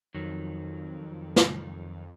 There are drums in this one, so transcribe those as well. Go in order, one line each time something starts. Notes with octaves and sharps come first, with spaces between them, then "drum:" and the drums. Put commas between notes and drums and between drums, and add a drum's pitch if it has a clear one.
F2 D#3 F#3
drum: snare